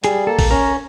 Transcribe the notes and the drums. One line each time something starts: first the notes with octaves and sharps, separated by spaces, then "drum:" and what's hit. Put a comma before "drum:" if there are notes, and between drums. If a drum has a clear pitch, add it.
G3 G#4, drum: hi-hat
A#3 A4
drum: kick, open hi-hat
C#4 A#4